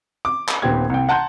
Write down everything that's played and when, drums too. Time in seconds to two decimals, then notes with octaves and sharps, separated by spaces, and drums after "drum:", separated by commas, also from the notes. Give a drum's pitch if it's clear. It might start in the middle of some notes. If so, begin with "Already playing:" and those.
0.25 D6
0.49 drum: clap
0.62 D#1 D#3 B3 C4 G4 G#6
0.90 C2 G5
1.09 F#5 A5 A#5 C6 G6